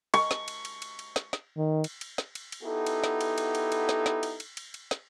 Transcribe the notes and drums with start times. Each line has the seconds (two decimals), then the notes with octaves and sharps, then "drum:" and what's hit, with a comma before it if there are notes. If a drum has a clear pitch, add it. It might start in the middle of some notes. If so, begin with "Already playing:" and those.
0.14 C#6, drum: cymbal
0.31 drum: snare
0.48 drum: cymbal
0.65 drum: cymbal
0.82 drum: cymbal
0.99 drum: cymbal
1.16 drum: snare
1.33 drum: snare
1.57 D#3
1.84 drum: cymbal
2.01 drum: cymbal
2.18 drum: snare
2.35 drum: cymbal
2.52 drum: cymbal
2.63 B3 D#4 E4 F#4 G4 A4
2.86 drum: cymbal
3.04 drum: snare
3.21 drum: cymbal
3.38 drum: cymbal
3.55 drum: cymbal
3.72 drum: cymbal
3.89 drum: snare
4.06 drum: snare
4.23 drum: cymbal
4.40 drum: cymbal
4.57 drum: cymbal
4.74 drum: cymbal
4.91 drum: snare